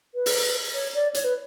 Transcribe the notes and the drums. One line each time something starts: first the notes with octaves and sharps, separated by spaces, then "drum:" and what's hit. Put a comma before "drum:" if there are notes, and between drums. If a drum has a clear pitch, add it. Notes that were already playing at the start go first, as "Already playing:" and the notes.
B4
drum: open hi-hat
C#5
D5
C#5, drum: hi-hat
B4